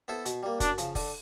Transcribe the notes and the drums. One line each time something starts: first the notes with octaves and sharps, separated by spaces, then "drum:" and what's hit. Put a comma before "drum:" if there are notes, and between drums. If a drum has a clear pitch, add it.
B3 E4 A4 C5
B2, drum: hi-hat
G3 A#3
F#2 D4, drum: kick F1, hi-hat
C#3 F3, drum: hi-hat
D3, drum: kick F1, open hi-hat